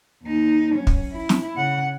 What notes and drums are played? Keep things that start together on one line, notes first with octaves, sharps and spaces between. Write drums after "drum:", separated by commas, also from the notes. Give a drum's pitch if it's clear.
D#2 D#4
F#3 C#4
drum: kick
E4
drum: snare
C#3 F#5